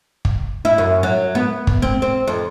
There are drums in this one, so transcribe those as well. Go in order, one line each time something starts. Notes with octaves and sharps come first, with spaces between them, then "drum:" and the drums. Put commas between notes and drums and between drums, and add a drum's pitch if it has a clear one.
drum: kick
E4
F#2
F#3
B3
drum: kick
C4
C4
F2